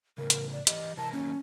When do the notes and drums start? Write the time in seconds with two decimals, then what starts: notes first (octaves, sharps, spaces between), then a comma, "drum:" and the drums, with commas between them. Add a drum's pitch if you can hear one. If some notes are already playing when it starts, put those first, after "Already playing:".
0.18 A2 C#3 A#4
0.30 drum: hi-hat
0.53 D5
0.67 E3 G4 D#5, drum: hi-hat
0.97 C3 E3 A#4 A5
1.13 D#3 F#3 A#3 C#4